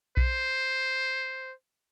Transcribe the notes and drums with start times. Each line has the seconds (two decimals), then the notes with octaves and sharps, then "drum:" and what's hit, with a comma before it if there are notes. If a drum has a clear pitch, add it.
0.17 C5, drum: kick B1